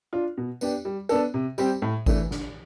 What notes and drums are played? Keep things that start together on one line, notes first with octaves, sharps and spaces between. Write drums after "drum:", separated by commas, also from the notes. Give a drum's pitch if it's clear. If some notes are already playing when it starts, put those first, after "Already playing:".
D4 F4
B2
B3 D4 G4, drum: tambourine
G3
B3 D4 A4, drum: tambourine
C3
G3 C4 G4, drum: tambourine
A2
E3 A3 D4, drum: kick G#1, tambourine
D3, drum: snare